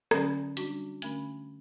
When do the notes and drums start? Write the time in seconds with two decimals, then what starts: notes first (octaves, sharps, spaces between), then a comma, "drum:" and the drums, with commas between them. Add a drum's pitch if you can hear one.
0.11 D3 F#3 C#4, drum: rim click
0.57 G3 D4 F#4, drum: hi-hat
1.02 D3 A3 C#4, drum: hi-hat